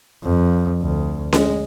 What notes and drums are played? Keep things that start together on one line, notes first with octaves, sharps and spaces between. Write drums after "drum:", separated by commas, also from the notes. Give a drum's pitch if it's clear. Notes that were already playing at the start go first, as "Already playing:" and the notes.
F2
D2
G#3, drum: snare C#4